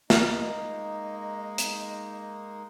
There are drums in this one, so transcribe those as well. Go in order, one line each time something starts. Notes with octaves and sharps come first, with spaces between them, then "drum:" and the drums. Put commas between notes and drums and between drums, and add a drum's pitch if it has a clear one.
G#3 A#3 D#4 D#5, drum: snare
drum: hi-hat